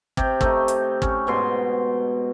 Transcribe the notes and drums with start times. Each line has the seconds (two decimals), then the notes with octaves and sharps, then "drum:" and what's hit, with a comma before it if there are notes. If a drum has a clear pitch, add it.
0.17 C3 G4, drum: kick
0.41 A3 D#4, drum: kick
0.68 drum: hi-hat
1.02 C#4, drum: kick
1.27 G#2 B2 C6